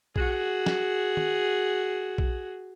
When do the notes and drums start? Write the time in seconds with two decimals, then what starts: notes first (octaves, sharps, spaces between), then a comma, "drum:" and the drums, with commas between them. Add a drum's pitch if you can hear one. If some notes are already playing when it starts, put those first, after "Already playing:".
0.16 F#4 G#4, drum: kick A#1
0.66 drum: snare
1.17 drum: tom
2.18 drum: kick A#1